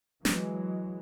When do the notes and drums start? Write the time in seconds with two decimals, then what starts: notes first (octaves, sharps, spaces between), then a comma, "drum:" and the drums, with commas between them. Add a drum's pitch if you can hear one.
0.25 E3 F#3 G#3, drum: snare